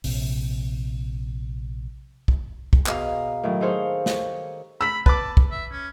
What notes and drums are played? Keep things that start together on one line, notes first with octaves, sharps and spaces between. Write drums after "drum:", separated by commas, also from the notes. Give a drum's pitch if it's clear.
A#1 C3, drum: open hi-hat
drum: kick
drum: kick
B2 G#4 D#5 F5 A#5, drum: clap
A2 D#3 F#3 A#4
D#4 G#4 A4 C5 C#5 F5
G4 C#5, drum: snare
B5 E6 B6
B4 A5 B5 D6, drum: kick
drum: kick
E5
C#4